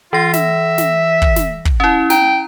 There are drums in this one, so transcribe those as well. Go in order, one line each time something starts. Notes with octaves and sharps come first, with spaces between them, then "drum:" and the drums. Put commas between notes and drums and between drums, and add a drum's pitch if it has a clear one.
E3 F4 A#6
E5, drum: snare
drum: snare
drum: kick
drum: snare
drum: kick
C#4 E4
G5 A#5, drum: snare